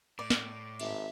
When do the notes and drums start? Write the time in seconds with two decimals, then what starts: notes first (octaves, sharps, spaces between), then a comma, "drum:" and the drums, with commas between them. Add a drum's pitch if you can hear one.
0.19 A2 D5
0.30 drum: snare
0.80 G#1 E5, drum: cymbal